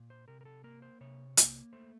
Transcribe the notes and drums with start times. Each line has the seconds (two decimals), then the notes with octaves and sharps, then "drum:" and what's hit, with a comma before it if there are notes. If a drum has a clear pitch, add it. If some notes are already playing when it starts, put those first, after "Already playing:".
Already playing: A#2
0.10 C5
0.28 C3 A#4
0.41 A#4
0.45 A4
0.64 A#3 A#4
0.82 C5
1.01 C3 C#5
1.37 A#3, drum: hi-hat
1.73 A3 C5